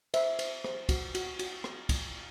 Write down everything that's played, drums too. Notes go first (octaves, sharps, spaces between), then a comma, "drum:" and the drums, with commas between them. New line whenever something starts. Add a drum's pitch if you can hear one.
C5 E5, drum: cymbal
C5, drum: cymbal
C5, drum: rim click
F#4, drum: kick, cymbal
F#4, drum: cymbal
F#4, drum: cymbal
drum: rim click
drum: kick, cymbal